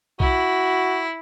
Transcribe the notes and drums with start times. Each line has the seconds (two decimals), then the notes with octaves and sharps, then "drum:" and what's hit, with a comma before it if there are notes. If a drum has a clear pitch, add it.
0.20 E4 F#4, drum: kick